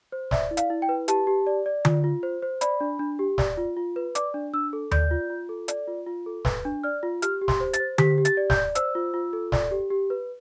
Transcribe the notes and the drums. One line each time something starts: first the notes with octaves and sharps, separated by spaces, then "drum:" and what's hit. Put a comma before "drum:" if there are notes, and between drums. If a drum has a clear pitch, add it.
C5
D5 E5, drum: snare
E4
F5, drum: hi-hat
E4
G5
B4
G4 A5, drum: hi-hat
G4
D5
D5
F4, drum: tom D3
F4
C5
C5
D5 B5, drum: hi-hat
D4
D4
G4
D5, drum: snare
F4
F4
B4
D5 D6, drum: hi-hat
D4
D4 E6
A4
D5 G6, drum: tom D#2
F4
F4
A4
D5, drum: hi-hat
F4
F4
A4
B4, drum: snare
D4
D5 F6
F4
G4 F6, drum: hi-hat
G4
C6, drum: snare
C5
A6, drum: hi-hat
C5
G4 B6, drum: tom D3
G4
A6, drum: hi-hat
D5
G6, drum: snare
D5
C5 E6, drum: hi-hat
F4
F4
A4
D5, drum: snare
G4
G4
B4